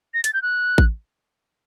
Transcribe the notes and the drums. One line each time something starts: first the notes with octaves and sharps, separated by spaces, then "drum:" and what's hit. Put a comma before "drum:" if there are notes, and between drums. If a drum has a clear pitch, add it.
A#6
A6, drum: hi-hat
G6
F#6
drum: kick A1